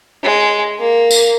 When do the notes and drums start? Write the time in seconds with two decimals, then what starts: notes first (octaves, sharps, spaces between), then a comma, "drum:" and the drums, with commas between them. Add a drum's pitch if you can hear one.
0.23 G#3
0.79 A#3
1.11 drum: tambourine